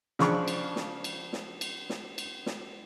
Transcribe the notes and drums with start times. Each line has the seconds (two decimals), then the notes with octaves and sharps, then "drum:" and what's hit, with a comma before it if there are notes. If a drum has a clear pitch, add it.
0.19 C#3 F3 D4 C#6, drum: snare
0.48 drum: cymbal
0.76 drum: snare
1.04 drum: cymbal
1.33 drum: snare
1.61 drum: cymbal
1.90 drum: snare
2.18 drum: cymbal
2.46 drum: snare